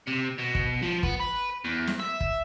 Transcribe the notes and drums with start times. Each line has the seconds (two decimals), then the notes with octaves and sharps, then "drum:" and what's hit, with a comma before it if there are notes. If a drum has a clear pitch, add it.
0.07 C3
0.38 B2
0.55 drum: kick
0.82 F3
1.03 B3, drum: kick
1.20 B4
1.65 E2
1.87 drum: snare
2.00 E5
2.21 drum: kick